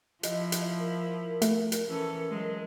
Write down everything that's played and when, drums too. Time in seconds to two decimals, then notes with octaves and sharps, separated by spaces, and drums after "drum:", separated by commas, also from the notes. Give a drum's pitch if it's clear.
0.23 F3 E4 D#5, drum: hi-hat
0.52 drum: hi-hat
0.79 A#4
1.42 A3, drum: hi-hat
1.72 drum: hi-hat
1.87 E3 C#4 A4
2.30 F#3 G#3